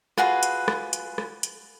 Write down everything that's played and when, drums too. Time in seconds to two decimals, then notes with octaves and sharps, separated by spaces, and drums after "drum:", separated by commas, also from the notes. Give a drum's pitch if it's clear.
0.18 F4 F#4 G#4 B4, drum: rim click
0.43 drum: hi-hat
0.68 drum: rim click
0.93 drum: hi-hat
1.18 drum: rim click
1.43 drum: hi-hat